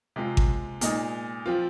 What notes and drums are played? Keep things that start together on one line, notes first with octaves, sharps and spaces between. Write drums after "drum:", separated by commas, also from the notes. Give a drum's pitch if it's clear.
C3 G#3 F4
drum: kick G#1
A#2 G#3 D#4, drum: hi-hat
F3 C4 F4